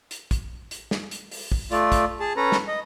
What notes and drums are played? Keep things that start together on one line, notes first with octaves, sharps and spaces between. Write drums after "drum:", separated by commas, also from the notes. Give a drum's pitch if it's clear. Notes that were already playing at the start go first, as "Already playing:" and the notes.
drum: hi-hat
drum: kick, hi-hat
drum: hi-hat
drum: snare
drum: hi-hat
drum: open hi-hat
drum: kick
A3 F4 D5, drum: hi-hat
drum: kick, hi-hat
G#4 A5
C#4 A4 B4 A#5
drum: snare
D#5